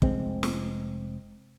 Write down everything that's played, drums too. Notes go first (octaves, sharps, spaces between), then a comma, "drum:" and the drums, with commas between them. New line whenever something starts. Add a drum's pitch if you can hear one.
F1 G#3 C4, drum: kick
drum: snare